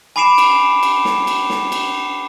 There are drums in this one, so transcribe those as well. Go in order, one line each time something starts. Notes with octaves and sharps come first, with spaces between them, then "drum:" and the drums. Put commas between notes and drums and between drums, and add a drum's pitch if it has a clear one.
G#5 B5 D6 C7 D7 E7
drum: cymbal
drum: cymbal
drum: snare
drum: cymbal
drum: snare
drum: cymbal